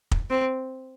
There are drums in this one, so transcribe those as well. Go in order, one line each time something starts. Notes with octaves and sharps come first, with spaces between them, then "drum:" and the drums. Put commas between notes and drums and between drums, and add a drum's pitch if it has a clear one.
drum: kick
C4